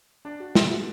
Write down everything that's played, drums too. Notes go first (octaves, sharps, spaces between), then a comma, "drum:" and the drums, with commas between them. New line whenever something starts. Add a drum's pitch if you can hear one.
D4
F#4
G#4, drum: snare
F#4